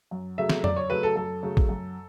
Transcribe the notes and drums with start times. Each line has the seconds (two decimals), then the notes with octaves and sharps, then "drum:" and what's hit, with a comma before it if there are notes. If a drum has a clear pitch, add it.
0.11 F#2
0.38 C#3 F#3 A3 E5
0.49 drum: snare
0.64 F#2 D5, drum: tom F2
0.76 C#5
0.90 C#3 F#3 A3 B4
1.03 A4
1.16 F#2 A4
1.43 C#3 F#3 A3
1.57 drum: kick A1
1.69 F#2